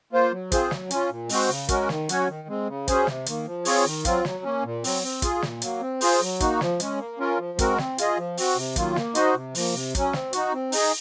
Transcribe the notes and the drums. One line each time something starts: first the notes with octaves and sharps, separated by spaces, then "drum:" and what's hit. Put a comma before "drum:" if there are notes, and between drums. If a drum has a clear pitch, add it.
A#3 F4 C5
F#3
C4 F4 G#4 C5, drum: kick, hi-hat
F#3, drum: snare
C#4 F4, drum: hi-hat
A#2
G#3 C4 F#4 C5, drum: open hi-hat
C#3
G#3 C#4 F#4 A#4, drum: kick, hi-hat
D#3, drum: snare
F#3 C#4 F#4 C#5, drum: hi-hat
D#3
G#3 C4
C#3
F#3 C#4 G#4 C5, drum: kick, hi-hat
C3, drum: snare
D#3 A#3, drum: hi-hat
F3
C4 F4 G#4 C#5, drum: open hi-hat
D#3
F#3 C4 F4, drum: kick, hi-hat
F#3, drum: snare
A#3 C#4
A#2
F#3 C4, drum: open hi-hat
C4
F4 G#4, drum: kick, hi-hat
A#2, drum: snare
F#3 A#3, drum: hi-hat
C4
F4 G#4 C5, drum: open hi-hat
F#3
A#3 D#4 F#4, drum: kick, hi-hat
F3, drum: snare
G#3 C#4, drum: hi-hat
A#3
C#4 F4 A#4
F3
G#3 C4 F#4 A#4, drum: kick, hi-hat
C4, drum: snare
F4 G#4 D#5, drum: hi-hat
F3
C4 F#4, drum: open hi-hat
C3
D#3 F#3 A#3 F4, drum: kick, hi-hat
A#3, drum: snare
D#4 F#4 C5 D#5, drum: hi-hat
C3
F3 A#3, drum: open hi-hat
C3
F#3 C#4, drum: kick, hi-hat
C4, drum: snare
D#4 F#4, drum: hi-hat
C4
D#4 G#4 D#5, drum: open hi-hat